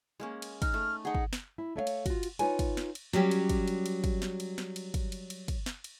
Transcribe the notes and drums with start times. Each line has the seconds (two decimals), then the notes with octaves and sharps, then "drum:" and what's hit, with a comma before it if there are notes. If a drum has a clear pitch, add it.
0.20 G#3 A#3 C#4
0.42 drum: cymbal
0.62 D#4 F6, drum: kick, cymbal
0.74 A3
1.05 D#4 G#4 F#5
1.15 drum: kick
1.33 drum: snare
1.58 E4
1.76 A3 C#5 E5 F5
1.87 drum: cymbal
2.06 F4 F#4, drum: kick, cymbal
2.23 drum: cymbal
2.39 D#4 F4 B4 C#5 G#5, drum: cymbal
2.59 drum: kick, cymbal
2.77 drum: snare
2.95 drum: cymbal
3.13 F#3 G3 C#4 G4, drum: snare
3.31 drum: cymbal
3.49 drum: kick, cymbal
3.68 drum: cymbal
3.86 drum: cymbal
4.04 drum: kick, cymbal
4.22 drum: snare
4.40 drum: cymbal
4.58 drum: snare
4.76 drum: cymbal
4.94 drum: kick, cymbal
5.12 drum: cymbal
5.30 drum: cymbal
5.48 drum: kick, cymbal
5.66 drum: snare
5.84 drum: cymbal